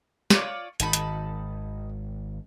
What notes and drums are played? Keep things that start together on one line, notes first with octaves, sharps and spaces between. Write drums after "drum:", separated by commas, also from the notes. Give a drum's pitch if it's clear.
F4 C#5 D5, drum: snare
G#1 D#3 D#4 A5 B5, drum: hi-hat
drum: hi-hat